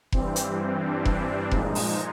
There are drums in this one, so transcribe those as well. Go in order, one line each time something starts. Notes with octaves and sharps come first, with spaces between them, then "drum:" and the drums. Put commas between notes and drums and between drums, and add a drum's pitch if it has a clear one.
G2 E3 G3 C4, drum: kick F1
drum: hi-hat
C4
D4
drum: kick F1
A#2 F3 G#3 D#4, drum: kick F1
drum: open hi-hat